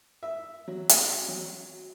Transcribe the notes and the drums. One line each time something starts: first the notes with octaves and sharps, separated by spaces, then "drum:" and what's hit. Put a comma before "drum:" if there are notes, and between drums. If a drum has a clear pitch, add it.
E5
F#3
drum: hi-hat
F#3